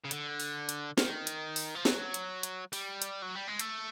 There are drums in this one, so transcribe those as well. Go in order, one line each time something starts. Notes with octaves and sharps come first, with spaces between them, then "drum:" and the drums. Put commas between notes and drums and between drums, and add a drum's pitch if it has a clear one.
C#3
D3, drum: hi-hat
drum: open hi-hat
drum: hi-hat
D#3, drum: snare
drum: hi-hat
drum: open hi-hat
F3
F#3, drum: snare
drum: hi-hat
drum: hi-hat
G3, drum: open hi-hat
drum: hi-hat
F#3
G3
G#3
A3, drum: hi-hat